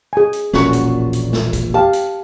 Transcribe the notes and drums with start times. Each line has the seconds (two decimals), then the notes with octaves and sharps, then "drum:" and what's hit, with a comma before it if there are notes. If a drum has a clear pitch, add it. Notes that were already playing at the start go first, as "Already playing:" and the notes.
0.13 G#4 G#5
0.33 drum: hi-hat
0.53 E1 A#1 A#2 C#4 F#4, drum: snare
0.73 drum: hi-hat
1.13 drum: hi-hat
1.33 drum: snare
1.53 drum: kick A#1, hi-hat
1.74 G4 F5 A5
1.93 drum: hi-hat